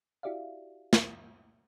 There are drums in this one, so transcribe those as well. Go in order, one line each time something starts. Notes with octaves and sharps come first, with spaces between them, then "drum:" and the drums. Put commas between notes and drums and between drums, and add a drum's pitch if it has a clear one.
E4 F#4 G4 D5 E5 F5
drum: snare